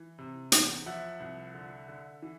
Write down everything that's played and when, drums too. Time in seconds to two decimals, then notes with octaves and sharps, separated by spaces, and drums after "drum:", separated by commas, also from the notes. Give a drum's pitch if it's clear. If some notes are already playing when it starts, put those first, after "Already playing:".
Already playing: E3
0.19 C3
0.52 E2, drum: hi-hat
0.86 F3 E5 F#5
1.20 C2
1.54 D3
1.88 D3
2.22 E3